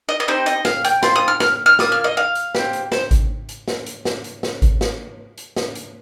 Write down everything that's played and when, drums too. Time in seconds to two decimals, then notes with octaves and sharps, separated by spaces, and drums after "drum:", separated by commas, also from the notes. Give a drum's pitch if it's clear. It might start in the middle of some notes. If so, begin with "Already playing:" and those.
0.09 D#5
0.20 D#5
0.28 C4 D#4 G4 C5
0.46 D#5, drum: hi-hat
0.65 F5, drum: snare
0.85 G5, drum: hi-hat
1.03 C4 F4 C6, drum: snare
1.16 D#6
1.28 F6
1.40 F6, drum: snare
1.66 F6
1.79 A#3 F4 D#6, drum: snare
1.92 F6
2.04 D#5
2.17 F5
2.35 drum: hi-hat
2.55 C4 G4, drum: snare
2.73 drum: hi-hat
2.92 C5, drum: snare
3.11 drum: kick G#1, hi-hat
3.49 drum: hi-hat
3.68 drum: snare
3.86 drum: hi-hat
4.05 drum: snare
4.24 drum: hi-hat
4.43 drum: snare
4.62 drum: kick G#1, hi-hat
4.81 drum: snare
5.38 drum: hi-hat
5.56 drum: snare
5.75 drum: hi-hat